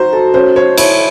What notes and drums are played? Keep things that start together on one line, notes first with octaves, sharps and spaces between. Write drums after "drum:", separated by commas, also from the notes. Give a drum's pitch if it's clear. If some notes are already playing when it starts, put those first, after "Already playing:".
Already playing: D#4 F#4 C5
A4
C#4 C5
C5 C#5
E4 C#5, drum: cymbal